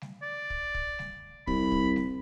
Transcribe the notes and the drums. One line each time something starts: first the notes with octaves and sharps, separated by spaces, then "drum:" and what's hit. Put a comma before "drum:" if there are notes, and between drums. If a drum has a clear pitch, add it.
drum: snare G3
D5
drum: kick
drum: kick
drum: snare G3
C2 B5, drum: kick
drum: kick
drum: snare G3